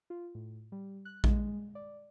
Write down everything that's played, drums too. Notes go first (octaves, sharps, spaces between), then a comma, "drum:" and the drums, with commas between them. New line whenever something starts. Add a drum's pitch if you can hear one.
F4
A2
G3
F#6
G#3, drum: kick A#1
D5